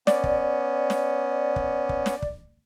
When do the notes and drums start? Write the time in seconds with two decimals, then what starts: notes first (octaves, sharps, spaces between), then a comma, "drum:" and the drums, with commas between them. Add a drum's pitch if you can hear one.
0.07 B3 C#4 D5, drum: snare
0.24 drum: kick
0.90 drum: snare
1.56 drum: kick
1.89 drum: kick
2.06 drum: snare
2.22 drum: kick